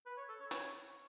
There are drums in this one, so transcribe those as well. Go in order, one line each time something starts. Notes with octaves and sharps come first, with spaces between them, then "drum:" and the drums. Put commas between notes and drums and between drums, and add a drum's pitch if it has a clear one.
B4
C#5
A4
C#5
C#5, drum: hi-hat